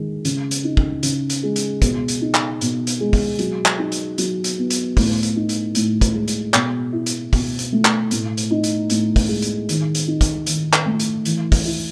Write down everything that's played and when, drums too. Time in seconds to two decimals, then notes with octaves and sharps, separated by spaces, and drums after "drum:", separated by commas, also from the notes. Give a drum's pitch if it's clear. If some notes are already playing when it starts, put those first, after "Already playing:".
Already playing: D#3 G#3
0.25 C#3, drum: hi-hat
0.51 drum: hi-hat
0.64 D#4
0.77 drum: kick
1.03 C#3, drum: hi-hat
1.30 drum: hi-hat
1.43 G#3
1.56 drum: hi-hat
1.82 B2, drum: kick, hi-hat
2.08 drum: hi-hat
2.21 D#4
2.34 drum: clap
2.61 B2, drum: hi-hat
2.87 drum: hi-hat
3.01 G#3
3.13 drum: kick, open hi-hat
3.39 F#3, drum: hi-hat
3.66 drum: clap
3.78 D#4
3.92 drum: hi-hat
4.18 F#3, drum: hi-hat
4.44 drum: hi-hat
4.58 B3
4.70 drum: hi-hat
4.97 A2, drum: kick, open hi-hat
5.23 drum: hi-hat
5.36 D#4
5.49 drum: hi-hat
5.75 A2, drum: hi-hat
6.01 drum: kick, hi-hat
6.15 G#3
6.28 drum: hi-hat
6.54 B2, drum: clap
6.93 E4
7.06 drum: hi-hat
7.33 B2, drum: kick, open hi-hat
7.59 drum: hi-hat
7.72 A3
7.85 drum: clap
8.11 A2, drum: hi-hat
8.37 drum: hi-hat
8.51 D#4
8.64 drum: hi-hat
8.90 A2, drum: hi-hat
9.16 drum: kick, open hi-hat
9.29 G#3
9.42 drum: hi-hat
9.69 D#3, drum: hi-hat
9.95 drum: hi-hat
10.07 D#4
10.21 drum: kick, hi-hat
10.46 D#3, drum: hi-hat
10.73 drum: clap
10.86 A3
10.99 drum: hi-hat
11.25 E3, drum: hi-hat
11.52 drum: kick, open hi-hat
11.65 E4